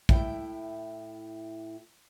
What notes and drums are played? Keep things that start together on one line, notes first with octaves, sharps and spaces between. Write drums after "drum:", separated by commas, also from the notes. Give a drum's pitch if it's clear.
A2 E4 G5, drum: kick